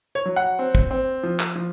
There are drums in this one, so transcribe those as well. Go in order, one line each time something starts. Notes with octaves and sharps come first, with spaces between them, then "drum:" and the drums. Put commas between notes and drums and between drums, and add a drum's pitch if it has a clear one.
C#5
F#3
F#5
C4
drum: kick
C4
F3
drum: clap
F3